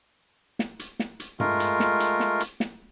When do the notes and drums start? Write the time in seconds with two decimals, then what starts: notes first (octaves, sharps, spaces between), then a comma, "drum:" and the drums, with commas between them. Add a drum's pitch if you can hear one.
0.59 drum: snare
0.79 drum: hi-hat
0.99 drum: snare
1.20 drum: hi-hat
1.40 G#3 A3 F4 A#4, drum: tom G2
1.60 drum: hi-hat
1.80 drum: snare
2.00 drum: hi-hat
2.20 drum: snare
2.40 drum: hi-hat
2.60 drum: snare